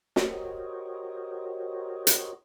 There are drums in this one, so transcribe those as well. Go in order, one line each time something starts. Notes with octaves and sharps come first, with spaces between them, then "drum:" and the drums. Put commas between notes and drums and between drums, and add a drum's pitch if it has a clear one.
F#4 G4 A#4 C5 C#5 D#5, drum: snare
drum: hi-hat